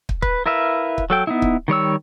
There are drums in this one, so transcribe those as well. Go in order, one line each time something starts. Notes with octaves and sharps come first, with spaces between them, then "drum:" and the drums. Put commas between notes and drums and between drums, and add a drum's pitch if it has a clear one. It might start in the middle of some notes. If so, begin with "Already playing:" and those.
drum: kick
B4, drum: kick
E4 A#4 B4 E5 F5
drum: kick
F#3 A4 G5
B3 D#4 E4
drum: kick
D#3 G3 C#5 E6